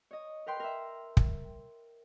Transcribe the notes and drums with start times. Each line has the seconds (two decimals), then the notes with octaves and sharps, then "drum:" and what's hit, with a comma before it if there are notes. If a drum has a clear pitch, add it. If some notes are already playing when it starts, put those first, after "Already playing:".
0.11 C#5 D#5
0.47 A#4 B4 G5 C6
0.60 A#4 E5
1.17 drum: kick